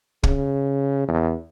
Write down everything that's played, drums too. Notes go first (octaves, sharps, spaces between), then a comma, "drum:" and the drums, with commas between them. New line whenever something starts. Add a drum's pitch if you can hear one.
C#3, drum: kick
E2